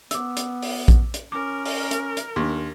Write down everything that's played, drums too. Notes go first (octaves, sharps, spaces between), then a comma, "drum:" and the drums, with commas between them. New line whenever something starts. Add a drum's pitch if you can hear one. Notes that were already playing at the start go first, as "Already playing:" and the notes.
B3 D6 E6, drum: hi-hat
drum: hi-hat
drum: open hi-hat
drum: kick A#1, hi-hat
drum: hi-hat
C#4 A#4 D6
drum: open hi-hat
drum: hi-hat
drum: hi-hat
D#2 D4 C6